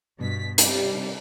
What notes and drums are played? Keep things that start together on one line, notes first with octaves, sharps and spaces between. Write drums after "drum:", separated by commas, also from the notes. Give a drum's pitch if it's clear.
G2 B2 B6
C3 G3, drum: hi-hat